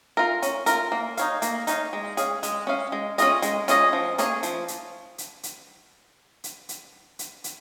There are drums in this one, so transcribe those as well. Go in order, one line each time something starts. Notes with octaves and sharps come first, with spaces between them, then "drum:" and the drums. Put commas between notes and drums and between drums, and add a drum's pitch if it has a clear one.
F4 A#4
C#4, drum: hi-hat
F4 A#4, drum: hi-hat
A#3
D#4 C#5 F5, drum: hi-hat
A#3, drum: hi-hat
D#4 C#5 F5, drum: hi-hat
G#3
C#4 G#4 F5, drum: hi-hat
G#3, drum: hi-hat
C#4 G#4 F5
G#3
C#4 F4 G#4 D#5, drum: hi-hat
G#3, drum: hi-hat
C#4 F4 G#4 D#5, drum: hi-hat
F3
A#3 C#4 G#4 C#5, drum: hi-hat
F3, drum: hi-hat
drum: hi-hat
drum: hi-hat
drum: hi-hat
drum: hi-hat
drum: hi-hat
drum: hi-hat
drum: hi-hat